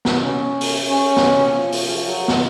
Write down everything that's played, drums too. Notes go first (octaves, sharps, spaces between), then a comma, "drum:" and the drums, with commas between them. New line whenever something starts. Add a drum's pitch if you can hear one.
drum: snare
C#4
drum: open hi-hat
C#4
drum: snare
F3
drum: open hi-hat
F#3
drum: snare